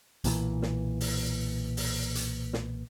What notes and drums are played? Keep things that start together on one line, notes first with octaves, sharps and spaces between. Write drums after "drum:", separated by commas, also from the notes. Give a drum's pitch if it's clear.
B1 A#2 D#3 E3, drum: hi-hat
drum: snare
drum: open hi-hat
drum: open hi-hat
drum: hi-hat
drum: snare